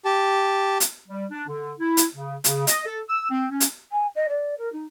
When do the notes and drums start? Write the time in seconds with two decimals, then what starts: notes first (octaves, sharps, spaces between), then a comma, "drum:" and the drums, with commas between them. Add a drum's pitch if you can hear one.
0.05 G4 A5
0.80 drum: hi-hat
1.08 G3
1.31 D4
1.47 D3
1.79 E4
1.97 drum: hi-hat
2.15 C#3
2.44 C#3, drum: hi-hat
2.67 D#5, drum: hi-hat
2.86 A4
3.08 E6
3.30 C4
3.51 C#4
3.60 drum: hi-hat
3.92 G#5
4.16 D#5
4.29 D5
4.58 A#4
4.73 D#4